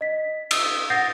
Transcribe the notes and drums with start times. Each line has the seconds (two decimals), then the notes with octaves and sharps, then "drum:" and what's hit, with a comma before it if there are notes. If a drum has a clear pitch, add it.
0.01 D#5 B6
0.51 D#6 E6, drum: cymbal
0.90 F#5 D#6 G6 A6 A#6 C7